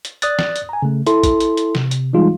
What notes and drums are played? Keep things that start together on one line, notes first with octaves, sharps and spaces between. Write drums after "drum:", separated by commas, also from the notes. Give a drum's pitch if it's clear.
drum: hi-hat
D5 D#6 F#6 A6, drum: hi-hat
drum: snare
drum: hi-hat
G#5 A#5
C#3 A3
E4 A4 C6, drum: hi-hat
drum: kick A1, hi-hat
drum: hi-hat
drum: hi-hat
C3, drum: snare
drum: hi-hat
E3 G3 G#3 D#4 F4 G#4